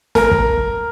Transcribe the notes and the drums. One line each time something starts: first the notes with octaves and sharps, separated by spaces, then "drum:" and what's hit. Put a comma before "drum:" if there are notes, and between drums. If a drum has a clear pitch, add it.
A#4, drum: snare
drum: kick